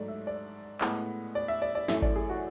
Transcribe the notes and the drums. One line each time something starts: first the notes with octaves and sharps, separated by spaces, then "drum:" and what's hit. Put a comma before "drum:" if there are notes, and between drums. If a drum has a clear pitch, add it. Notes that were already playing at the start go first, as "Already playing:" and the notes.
Already playing: G#2 F#3 A3 D5
E5
D5
A2 G#3 B3, drum: clap
D5
E5
D5
D5
F#2 E3 A3 E5, drum: snare
D5, drum: kick G#1
G#4
F#4